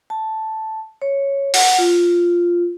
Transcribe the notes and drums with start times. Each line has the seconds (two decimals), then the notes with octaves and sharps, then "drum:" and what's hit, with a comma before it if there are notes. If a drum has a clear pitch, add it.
0.10 A5
1.02 C#5
1.54 F#5, drum: open hi-hat
1.78 F4